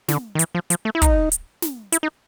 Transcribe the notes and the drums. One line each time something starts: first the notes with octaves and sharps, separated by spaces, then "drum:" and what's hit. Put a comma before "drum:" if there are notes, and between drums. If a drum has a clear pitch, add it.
D3, drum: snare
D#3
E3, drum: hi-hat
F3
F3, drum: hi-hat
A3
E4
D#4, drum: kick, hi-hat
drum: hi-hat
drum: snare
E4, drum: hi-hat
D#4